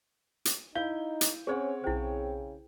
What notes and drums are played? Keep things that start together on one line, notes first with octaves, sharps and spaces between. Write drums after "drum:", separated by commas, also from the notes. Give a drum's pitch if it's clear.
drum: hi-hat
D#4 E4 F5 G6 G7
drum: hi-hat
C4 C#4 G#4 C5 C#5 F#5
B1 C#3 E4 G#4 C5 G5